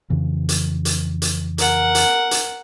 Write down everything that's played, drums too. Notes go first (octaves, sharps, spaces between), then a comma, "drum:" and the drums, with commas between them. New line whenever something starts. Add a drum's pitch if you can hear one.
F2 C#3 E3
drum: hi-hat
drum: hi-hat
drum: hi-hat
A#4 F#5, drum: hi-hat
drum: hi-hat
drum: hi-hat